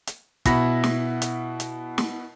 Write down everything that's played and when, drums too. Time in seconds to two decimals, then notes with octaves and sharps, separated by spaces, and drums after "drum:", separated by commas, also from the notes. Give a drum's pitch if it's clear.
0.07 drum: hi-hat
0.45 B2 E4 F#5 B5 A#6, drum: kick, hi-hat
0.84 drum: snare
1.22 drum: hi-hat
1.60 drum: hi-hat
1.98 drum: snare